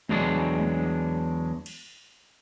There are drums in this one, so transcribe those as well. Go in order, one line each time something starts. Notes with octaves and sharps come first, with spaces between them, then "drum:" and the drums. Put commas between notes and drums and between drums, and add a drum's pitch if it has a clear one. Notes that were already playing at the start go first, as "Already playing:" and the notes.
E2 F#3 G#3 D4, drum: tom G3
drum: tom G3
drum: cymbal